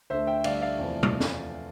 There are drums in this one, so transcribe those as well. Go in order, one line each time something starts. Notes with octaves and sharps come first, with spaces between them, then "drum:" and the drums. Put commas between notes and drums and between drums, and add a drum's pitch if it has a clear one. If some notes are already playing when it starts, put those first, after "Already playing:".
D2 D3 A3 C5 E5
E5 G5
D2 D3 G3 D5 F5, drum: cymbal
E5
D5 F5
E2 C3 F3 A3
drum: tom
drum: snare